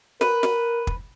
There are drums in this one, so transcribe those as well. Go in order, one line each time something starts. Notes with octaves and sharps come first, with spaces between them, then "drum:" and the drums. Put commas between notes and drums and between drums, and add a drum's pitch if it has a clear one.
A#4 B4, drum: snare
drum: snare
drum: kick